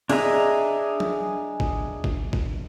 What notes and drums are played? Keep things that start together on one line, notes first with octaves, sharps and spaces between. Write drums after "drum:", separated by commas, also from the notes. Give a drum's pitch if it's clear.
D4 G#4 D#5 E5 A#5, drum: cymbal
drum: tom F3
drum: kick G1
drum: kick G1
drum: kick G1